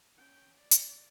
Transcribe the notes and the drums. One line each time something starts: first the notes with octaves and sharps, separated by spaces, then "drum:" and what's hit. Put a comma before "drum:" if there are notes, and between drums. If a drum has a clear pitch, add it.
C#4 G5
D5
drum: hi-hat